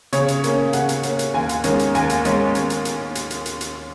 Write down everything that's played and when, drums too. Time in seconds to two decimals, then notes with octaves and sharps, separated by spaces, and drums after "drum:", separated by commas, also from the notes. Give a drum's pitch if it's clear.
0.13 C#3 C#5, drum: hi-hat
0.28 drum: hi-hat
0.44 A#3 C#4, drum: hi-hat
0.73 C#3 F#5, drum: hi-hat
0.89 drum: hi-hat
1.03 A#3 C#4, drum: hi-hat
1.19 drum: hi-hat
1.34 D#2 G#5
1.49 drum: hi-hat
1.64 D#3 G#3 C#4, drum: hi-hat
1.79 drum: hi-hat
1.95 D#2 G#5, drum: hi-hat
2.10 drum: hi-hat
2.25 D#3 G#3 C#4, drum: hi-hat
2.55 drum: hi-hat
2.70 drum: hi-hat
2.85 drum: hi-hat
3.15 drum: hi-hat
3.30 drum: hi-hat
3.46 drum: hi-hat
3.61 drum: hi-hat